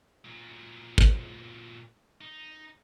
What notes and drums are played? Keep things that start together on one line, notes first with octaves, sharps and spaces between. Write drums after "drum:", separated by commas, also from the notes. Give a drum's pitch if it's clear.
A#2 F#3
drum: kick
D#4